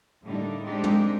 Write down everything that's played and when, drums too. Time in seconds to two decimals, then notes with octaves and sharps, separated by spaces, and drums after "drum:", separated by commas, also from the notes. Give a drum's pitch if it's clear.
0.24 A2 D3 G3 A#3 D4 D#4
0.63 G#3 C4 D4 D#4 G4
0.84 drum: tom